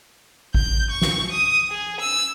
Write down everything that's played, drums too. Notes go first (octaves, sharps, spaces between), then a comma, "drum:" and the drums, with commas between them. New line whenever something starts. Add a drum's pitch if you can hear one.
G6, drum: kick A1
C#6
drum: snare
D#6
G#4
E6